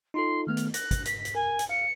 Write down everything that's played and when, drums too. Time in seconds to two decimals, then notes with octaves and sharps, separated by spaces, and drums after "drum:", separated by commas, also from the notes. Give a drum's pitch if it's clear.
0.14 D#4 F4 A4 C6
0.47 D#3 A3 B3 F6
0.57 drum: hi-hat
0.74 F#6 A#6, drum: hi-hat
0.91 drum: kick, hi-hat
1.05 B6, drum: hi-hat
1.25 drum: hi-hat
1.35 A#4 G#5
1.59 drum: hi-hat
1.69 F5 C#7